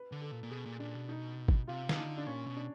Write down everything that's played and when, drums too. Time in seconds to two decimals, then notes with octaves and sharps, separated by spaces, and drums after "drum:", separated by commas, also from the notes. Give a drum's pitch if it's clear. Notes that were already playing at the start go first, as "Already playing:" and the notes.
Already playing: B4
0.12 D3
0.22 A4
0.31 A#2
0.43 A#2
0.51 B2 G#4
0.65 A#2
0.79 A#2 D4
0.94 B2
1.09 D#4
1.48 drum: kick G#1
1.68 C3 F4
1.89 D#3, drum: snare
1.97 D3 D#4
2.18 D4
2.27 A#2 C#4
2.47 B2
2.57 D4